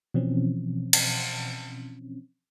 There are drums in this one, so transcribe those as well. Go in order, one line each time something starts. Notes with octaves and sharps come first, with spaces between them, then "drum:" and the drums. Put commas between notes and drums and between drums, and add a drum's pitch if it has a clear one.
B2 E3 F3 C4 C#4
drum: cymbal